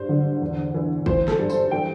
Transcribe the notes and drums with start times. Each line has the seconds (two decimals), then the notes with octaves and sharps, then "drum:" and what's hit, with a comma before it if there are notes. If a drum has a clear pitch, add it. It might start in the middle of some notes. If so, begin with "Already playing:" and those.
Already playing: G2 C5
0.09 D3
0.42 E2
0.74 E3
1.06 E3 C5, drum: kick
1.28 A4, drum: snare
1.39 G2
1.50 C5, drum: tambourine
1.71 E3 G5